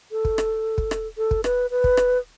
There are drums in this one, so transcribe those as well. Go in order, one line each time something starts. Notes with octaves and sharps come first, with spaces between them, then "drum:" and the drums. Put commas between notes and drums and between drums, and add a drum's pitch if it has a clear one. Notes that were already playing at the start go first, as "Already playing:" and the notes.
A4
drum: kick
drum: rim click
drum: kick
drum: rim click
A4
drum: kick
B4, drum: rim click
B4
drum: kick
drum: rim click